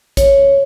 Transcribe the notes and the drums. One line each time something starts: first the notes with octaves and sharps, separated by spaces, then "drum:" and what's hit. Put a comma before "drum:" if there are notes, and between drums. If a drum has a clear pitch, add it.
C#5, drum: kick, hi-hat